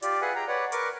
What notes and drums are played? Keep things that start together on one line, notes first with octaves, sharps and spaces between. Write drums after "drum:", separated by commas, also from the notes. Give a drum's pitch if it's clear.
F4 G4 D5, drum: hi-hat
G#4 B4 E5 F#5 G#5
G5 A#5
B4 C#5 D5 F#5
A#4 B4 C#6 D6, drum: hi-hat